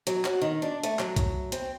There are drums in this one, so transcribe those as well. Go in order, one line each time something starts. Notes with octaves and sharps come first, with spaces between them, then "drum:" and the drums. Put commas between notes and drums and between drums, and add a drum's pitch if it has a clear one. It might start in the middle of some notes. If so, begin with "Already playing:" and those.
F#3, drum: hi-hat
F#4, drum: clap
D#3
D4
A3, drum: hi-hat
F#3, drum: clap
drum: kick B1, hi-hat
C4, drum: hi-hat